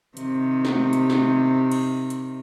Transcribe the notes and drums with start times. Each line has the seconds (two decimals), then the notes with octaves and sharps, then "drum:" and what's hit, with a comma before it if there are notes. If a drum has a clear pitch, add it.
0.17 C3 D#3, drum: hi-hat
0.65 drum: snare
0.93 drum: hi-hat
1.10 drum: snare
1.71 drum: cymbal
2.10 drum: hi-hat